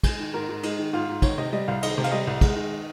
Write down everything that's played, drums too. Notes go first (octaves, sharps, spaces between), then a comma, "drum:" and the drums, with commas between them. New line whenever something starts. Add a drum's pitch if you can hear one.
G#3 G#4, drum: kick, cymbal
D#3
G#2 A#4
G#2
G#3 D#4, drum: cymbal
D#3
G#2 F4
G#2
D#3 C#5, drum: kick, cymbal
C3 D#5
G3 D#5
C2 F5
D#3 D#5, drum: cymbal
C3
F5, drum: cymbal
G3 D#5
C2
G#3, drum: kick, cymbal
D#3